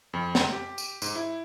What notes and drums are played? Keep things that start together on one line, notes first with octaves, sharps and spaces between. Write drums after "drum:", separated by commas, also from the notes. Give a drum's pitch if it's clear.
F2
drum: snare
G4
drum: tambourine
G#2, drum: tambourine
E4